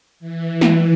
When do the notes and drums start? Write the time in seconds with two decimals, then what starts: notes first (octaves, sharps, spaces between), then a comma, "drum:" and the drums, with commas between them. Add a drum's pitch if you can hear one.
0.20 E3
0.61 drum: snare